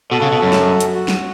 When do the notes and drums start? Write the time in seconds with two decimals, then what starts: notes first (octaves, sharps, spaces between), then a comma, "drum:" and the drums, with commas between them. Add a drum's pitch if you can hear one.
0.11 B2 F#4 A4
0.22 C#3
0.32 B2
0.42 F#2
0.53 drum: snare
0.80 drum: hi-hat
0.95 F#4
1.08 drum: snare